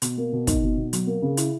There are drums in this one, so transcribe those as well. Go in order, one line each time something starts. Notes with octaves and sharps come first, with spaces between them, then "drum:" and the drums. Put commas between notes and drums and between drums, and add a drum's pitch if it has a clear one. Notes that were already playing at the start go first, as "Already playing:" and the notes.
B2, drum: hi-hat
A#3
B2
D#4, drum: kick, hi-hat
B2
B2
F#3, drum: hi-hat
A#3
C#3
E4, drum: hi-hat